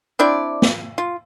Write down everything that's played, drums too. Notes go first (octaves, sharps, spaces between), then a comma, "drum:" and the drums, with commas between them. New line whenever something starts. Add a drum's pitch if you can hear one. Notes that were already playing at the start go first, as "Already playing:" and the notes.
C4 D4 E4 D5
drum: snare
F4